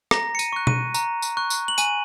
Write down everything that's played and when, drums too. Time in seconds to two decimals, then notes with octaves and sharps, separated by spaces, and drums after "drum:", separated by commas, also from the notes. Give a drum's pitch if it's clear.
0.11 A#5 A#6, drum: rim click
0.35 C#7
0.39 D#7, drum: tambourine
0.53 C#6 F#6
0.67 D#7, drum: tom B2
0.94 A#5, drum: tambourine
1.22 drum: tambourine
1.37 C#6 F#6
1.50 drum: tambourine
1.68 F#7
1.78 G#5 D#7, drum: tambourine